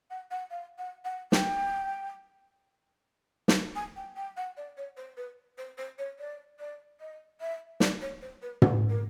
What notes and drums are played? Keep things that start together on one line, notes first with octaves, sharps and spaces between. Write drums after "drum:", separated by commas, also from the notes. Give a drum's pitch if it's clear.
F#5
F#5
F5
F#5
F#5
G5, drum: snare
drum: snare
G#5
G5
G5
F#5
D5
C#5
C5
B4
C5
C5
C#5
D5
D5
D#5
E5
D5, drum: snare
C#5
C5
B4
A4, drum: tom
A#4